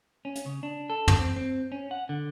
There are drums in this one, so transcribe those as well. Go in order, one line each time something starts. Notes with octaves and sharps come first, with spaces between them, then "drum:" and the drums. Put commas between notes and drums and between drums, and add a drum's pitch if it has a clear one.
C#4
drum: hi-hat
C#3
D4
A4
drum: tom
C4
C4
C#4
F#5
D3